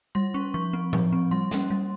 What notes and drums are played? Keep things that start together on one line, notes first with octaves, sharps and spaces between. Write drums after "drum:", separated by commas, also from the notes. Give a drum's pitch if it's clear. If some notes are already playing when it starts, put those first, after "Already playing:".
G3 C6
C#4 C#6
F3 C#6
C4
F3, drum: tom A2
C4
G3 C6
A#3 C#4, drum: snare
G3